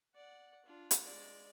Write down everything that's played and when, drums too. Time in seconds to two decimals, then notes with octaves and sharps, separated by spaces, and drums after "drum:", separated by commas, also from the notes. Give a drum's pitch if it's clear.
0.15 D5 F#5
0.65 D4 F4
0.91 drum: hi-hat
1.02 G#3 D5